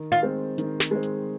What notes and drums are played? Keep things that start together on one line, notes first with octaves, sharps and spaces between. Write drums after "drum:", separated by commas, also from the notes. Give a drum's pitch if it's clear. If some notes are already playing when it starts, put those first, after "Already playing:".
Already playing: D#3
F4
G#3 C4
D#3, drum: hi-hat
drum: snare
G#3 C4
drum: hi-hat